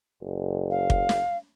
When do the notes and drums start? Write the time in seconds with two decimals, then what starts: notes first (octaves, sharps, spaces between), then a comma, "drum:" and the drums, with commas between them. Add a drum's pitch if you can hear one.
0.22 F#1
0.70 F5
0.90 drum: kick
1.09 drum: snare